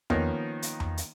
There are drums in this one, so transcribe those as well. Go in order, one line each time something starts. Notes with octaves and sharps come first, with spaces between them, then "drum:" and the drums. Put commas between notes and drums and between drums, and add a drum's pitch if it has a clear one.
D#3 F3 A#3 B3 C#4 D#4, drum: tom E2
drum: hi-hat
drum: tom E2
drum: hi-hat